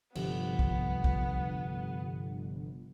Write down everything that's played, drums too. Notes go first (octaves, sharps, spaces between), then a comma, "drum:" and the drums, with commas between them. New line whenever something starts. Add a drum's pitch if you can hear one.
G1 C3 F3 B3, drum: cymbal
drum: kick
drum: kick